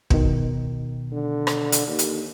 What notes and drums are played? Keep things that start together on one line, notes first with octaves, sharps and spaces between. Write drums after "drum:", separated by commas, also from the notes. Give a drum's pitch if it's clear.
B2 D#3, drum: kick
D3
drum: rim click
drum: hi-hat
D#2
drum: hi-hat